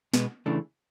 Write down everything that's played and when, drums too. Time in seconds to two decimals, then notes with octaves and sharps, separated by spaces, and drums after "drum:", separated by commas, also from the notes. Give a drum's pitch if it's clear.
0.14 B2 G#3 B3, drum: snare
0.46 C#3 E3 A3 D4